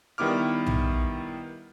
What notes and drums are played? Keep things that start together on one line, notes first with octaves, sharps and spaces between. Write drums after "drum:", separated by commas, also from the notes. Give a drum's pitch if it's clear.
D#3 G3 B3 E4 D6 F6
drum: tom B1